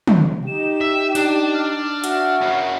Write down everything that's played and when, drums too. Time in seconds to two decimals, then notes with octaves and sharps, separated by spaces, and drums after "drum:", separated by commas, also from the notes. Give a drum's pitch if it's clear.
0.07 drum: tom
0.47 D#4 G4 E7
0.81 E5
1.15 D4, drum: hi-hat
1.54 F6
2.04 F#4 E5, drum: hi-hat
2.41 C#3 F#3 A#4